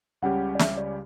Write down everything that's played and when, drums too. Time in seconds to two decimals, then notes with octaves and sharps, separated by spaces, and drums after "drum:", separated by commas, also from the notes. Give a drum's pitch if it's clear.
0.22 C#2 C#3 G3 C#4 G4 F#5
0.55 D5
0.59 E5, drum: snare
0.77 D5